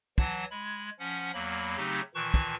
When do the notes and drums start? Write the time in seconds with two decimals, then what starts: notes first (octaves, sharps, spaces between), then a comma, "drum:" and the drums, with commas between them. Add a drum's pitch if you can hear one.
0.18 E3 F#3 F#5 A5, drum: kick
0.51 G#3 B5 G#6
0.99 F3 C#4 F#5
1.33 E2 F#3 A#3 B5
1.77 C#3 F#3 A3 C4 D#4 G4
2.15 A#2 D#3 E3 A5 C#6 F#6
2.34 drum: kick